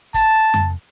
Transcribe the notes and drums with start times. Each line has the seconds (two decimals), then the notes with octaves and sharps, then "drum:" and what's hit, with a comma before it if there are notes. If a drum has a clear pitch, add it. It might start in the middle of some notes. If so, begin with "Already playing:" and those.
0.14 A5, drum: kick, hi-hat
0.54 drum: tom F2